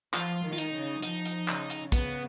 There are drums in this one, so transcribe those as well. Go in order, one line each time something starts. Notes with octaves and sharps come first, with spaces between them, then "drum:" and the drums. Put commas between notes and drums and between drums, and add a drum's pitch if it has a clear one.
F3 F4, drum: clap
D#3
F4
D#4, drum: hi-hat
C#3
F3 D#4, drum: hi-hat
drum: hi-hat
C#3, drum: clap
drum: hi-hat
C#3 B3, drum: kick A#1, hi-hat